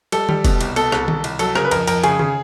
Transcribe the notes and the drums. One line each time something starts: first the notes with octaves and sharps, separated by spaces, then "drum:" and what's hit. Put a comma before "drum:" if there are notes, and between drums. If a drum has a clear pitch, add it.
G3 A4, drum: cymbal
G3, drum: tom D#3
B2, drum: kick, cymbal
C2, drum: cymbal
B2 A4, drum: cymbal
C2, drum: rim click
C2, drum: tom D#3
C2, drum: cymbal
F#3 A4, drum: cymbal
C#3 A#4, drum: rim click
B4
F2 A#4, drum: cymbal
F2 A#4, drum: cymbal
C#3 G#4, drum: cymbal
C#3, drum: tom D#3